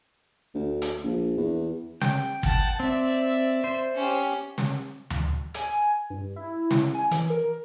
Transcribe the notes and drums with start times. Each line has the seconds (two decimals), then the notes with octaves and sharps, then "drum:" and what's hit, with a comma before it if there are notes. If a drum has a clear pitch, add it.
0.55 D2
0.82 drum: hi-hat
1.03 A#1
1.37 E2
2.02 G5, drum: snare
2.43 F#5 A5, drum: kick
2.80 C4 D5 E5
3.64 C5
3.95 C#4 G4
4.58 drum: snare
5.10 drum: tom D2
5.54 G#5, drum: hi-hat
6.10 G2
6.36 E4
6.71 drum: snare
6.94 G#5
7.11 E3, drum: hi-hat
7.30 A#4